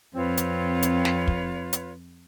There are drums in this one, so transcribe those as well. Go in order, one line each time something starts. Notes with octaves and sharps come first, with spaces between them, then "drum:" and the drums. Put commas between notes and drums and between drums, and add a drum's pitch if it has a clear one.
F2 C4 F4 B4 C#5
drum: hi-hat
drum: hi-hat
drum: snare
drum: kick
drum: hi-hat